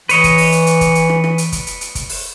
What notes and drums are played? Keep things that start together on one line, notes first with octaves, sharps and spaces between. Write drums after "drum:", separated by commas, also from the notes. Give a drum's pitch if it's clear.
E3 B4 C#5 D#5, drum: hi-hat
drum: kick, hi-hat
drum: open hi-hat
drum: hi-hat
drum: hi-hat
drum: kick, hi-hat
drum: hi-hat
drum: rim click
drum: rim click
drum: hi-hat
drum: kick, hi-hat
drum: hi-hat
drum: hi-hat
drum: kick, hi-hat
drum: open hi-hat